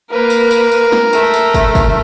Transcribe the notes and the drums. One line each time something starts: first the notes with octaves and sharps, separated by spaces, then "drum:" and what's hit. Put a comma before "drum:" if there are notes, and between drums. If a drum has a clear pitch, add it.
A#3 A#4 B4
drum: tambourine
drum: tambourine
drum: tambourine
drum: snare
A3, drum: tambourine
drum: tambourine
drum: kick, tambourine
drum: kick, tambourine